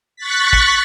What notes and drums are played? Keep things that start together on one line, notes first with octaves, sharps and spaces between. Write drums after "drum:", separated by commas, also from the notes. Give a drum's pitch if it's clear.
C#6 F#6 A6 B6
drum: kick